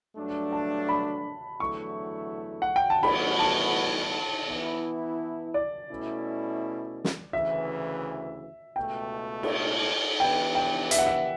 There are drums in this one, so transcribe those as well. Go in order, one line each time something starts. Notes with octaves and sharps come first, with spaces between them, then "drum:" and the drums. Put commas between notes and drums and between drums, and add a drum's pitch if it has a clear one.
G2 F#3 A3 D4
A5
B5
E2 D3 F#3 A3 E4 C#6
F#5
G5
A5
A2 E3 G3 B3 F#4 B5, drum: cymbal
A5
E3 B3 E4
D5
B2 A3 C#4 E4
drum: snare
D2 C#3 E3 E5
C#2 B2 A3 G5
drum: cymbal
E3 B3 D4 G4 B4 G5
G5
E5, drum: hi-hat
F#5
E5